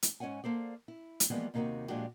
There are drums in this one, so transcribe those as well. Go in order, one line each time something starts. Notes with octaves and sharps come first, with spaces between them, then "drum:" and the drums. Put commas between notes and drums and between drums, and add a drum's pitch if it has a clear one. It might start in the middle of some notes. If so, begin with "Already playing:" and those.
drum: hi-hat
G#2 C#4 C#5 F#5 G#5
A#3 A4 C5 D5
E4
drum: hi-hat
E3 F3 G3 G#3 A#3 B3
D#2 C3 A#3 C#4 D#4 F#4
A#2 F3 G#3 D4 F#4 G4